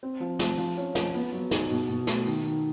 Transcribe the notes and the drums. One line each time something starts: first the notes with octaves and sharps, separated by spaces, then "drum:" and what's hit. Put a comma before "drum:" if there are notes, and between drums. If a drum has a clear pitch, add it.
C4
F3
F3, drum: snare
F3
C#4
F3, drum: snare
B3
F#3
D#4, drum: snare
B2
B2
A3, drum: snare
D#3
D#3